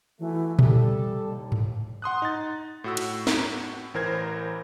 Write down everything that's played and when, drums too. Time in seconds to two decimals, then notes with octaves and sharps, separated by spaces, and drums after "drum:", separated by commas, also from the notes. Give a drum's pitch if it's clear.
0.19 E3 F#3 A3
0.59 G3 A4, drum: tom A#2
1.27 A#1 D#2
1.52 drum: tom G#2
2.02 F#5 C6 D#6 F#6
2.22 D#4 A6
2.84 A2 F#4 E6
2.97 drum: cymbal
3.27 drum: snare
3.94 A1 E3 A#4 C5 G#6